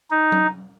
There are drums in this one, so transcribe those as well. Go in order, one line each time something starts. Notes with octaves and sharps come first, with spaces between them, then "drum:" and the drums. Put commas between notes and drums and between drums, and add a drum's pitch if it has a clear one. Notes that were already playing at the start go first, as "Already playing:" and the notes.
D#4
drum: tom F#3